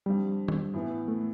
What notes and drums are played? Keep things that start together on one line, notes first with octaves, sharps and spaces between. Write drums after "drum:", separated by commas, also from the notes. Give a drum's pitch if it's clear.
F2 D3 F3 G3
drum: tom
A2 E3 B3 E4
A3